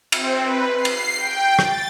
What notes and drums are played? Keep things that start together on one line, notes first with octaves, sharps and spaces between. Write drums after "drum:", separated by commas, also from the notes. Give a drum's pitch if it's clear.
C4, drum: cymbal
B4
C7
drum: cymbal
G5
A6, drum: rim click